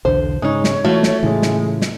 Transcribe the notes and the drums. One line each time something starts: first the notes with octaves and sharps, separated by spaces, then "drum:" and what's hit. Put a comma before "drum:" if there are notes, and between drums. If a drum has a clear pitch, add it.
B1 E2 D3 C5
G#2 C#3 G#3 D#4 C#5
drum: snare
E3 A3 F4 F#4
drum: snare
A2 C#3 E3 G#3
drum: snare
drum: snare